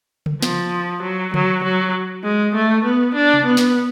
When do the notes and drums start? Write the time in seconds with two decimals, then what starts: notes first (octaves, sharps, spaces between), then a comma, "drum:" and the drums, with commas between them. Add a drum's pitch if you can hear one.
0.26 drum: tom C#3
0.42 F3, drum: snare
1.03 F#3
1.34 F#3, drum: tom C#3
1.64 F#3
2.24 G#3
2.55 A3
2.85 B3
3.15 D4
3.34 drum: tom C3
3.46 B3
3.57 drum: snare